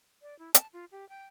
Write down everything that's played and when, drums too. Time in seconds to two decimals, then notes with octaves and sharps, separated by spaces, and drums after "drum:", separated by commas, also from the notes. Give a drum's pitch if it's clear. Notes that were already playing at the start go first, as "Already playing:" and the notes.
0.22 D5
0.39 E4
0.54 A5, drum: hi-hat
0.73 F4
0.92 G4
1.09 G5